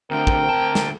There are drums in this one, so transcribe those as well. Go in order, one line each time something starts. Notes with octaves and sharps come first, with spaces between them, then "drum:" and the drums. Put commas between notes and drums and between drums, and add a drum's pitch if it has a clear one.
D2 D3 C4 A#4 G5
drum: kick
D2 A5
drum: snare